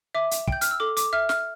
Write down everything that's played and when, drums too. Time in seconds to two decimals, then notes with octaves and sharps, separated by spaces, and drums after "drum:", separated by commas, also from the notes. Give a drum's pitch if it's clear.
0.15 E5 D6
0.31 drum: hi-hat
0.48 G5 G6, drum: kick
0.61 F6, drum: hi-hat
0.71 E6
0.80 A4 D6
0.97 D6, drum: hi-hat
1.13 E5 F6
1.29 F6, drum: snare